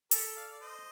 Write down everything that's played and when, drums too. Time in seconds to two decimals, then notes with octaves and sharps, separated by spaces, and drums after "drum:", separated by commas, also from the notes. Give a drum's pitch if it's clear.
0.11 G4 A4 A#4, drum: hi-hat
0.36 D5 F5
0.52 D5
0.61 C5 D#5